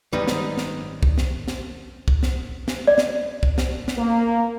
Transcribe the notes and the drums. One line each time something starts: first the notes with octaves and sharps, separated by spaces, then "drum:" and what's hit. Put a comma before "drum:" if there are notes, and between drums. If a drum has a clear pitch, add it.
G#1 F#2 G3 D#4 B4
drum: snare
drum: snare
drum: kick
drum: snare
drum: snare
drum: kick
drum: snare
drum: snare
D5
drum: snare
drum: kick
drum: snare
drum: snare
A#3